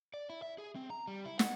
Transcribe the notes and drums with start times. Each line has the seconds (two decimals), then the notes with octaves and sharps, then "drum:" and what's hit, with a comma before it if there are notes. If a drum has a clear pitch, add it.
0.14 D5
0.30 E4
0.42 E5
0.58 G#4
0.75 C4
0.90 A#5
1.08 G3
1.26 E4
1.39 F#5, drum: snare